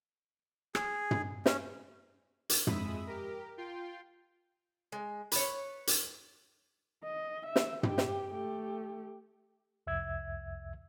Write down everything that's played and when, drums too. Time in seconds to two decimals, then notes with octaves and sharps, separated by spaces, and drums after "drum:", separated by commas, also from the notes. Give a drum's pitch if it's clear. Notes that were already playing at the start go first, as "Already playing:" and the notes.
0.75 G#4, drum: rim click
1.11 drum: tom
1.46 C#4, drum: snare
2.50 drum: hi-hat
2.67 F2 G#3 E5 B5 D#6, drum: tom
3.07 G4 A#4
3.58 F4 G5 C6
4.92 G#3
5.32 B4 C#5, drum: hi-hat
5.87 drum: hi-hat
7.04 D#5
7.46 E5
7.56 drum: snare
7.83 G4, drum: tom
7.98 drum: snare
8.32 A3 G4
9.87 C2 F2 E5 E6 G#6